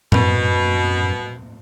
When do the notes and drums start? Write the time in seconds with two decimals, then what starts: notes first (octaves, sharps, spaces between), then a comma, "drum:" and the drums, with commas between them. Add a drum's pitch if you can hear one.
0.12 F#2 B2, drum: tom A2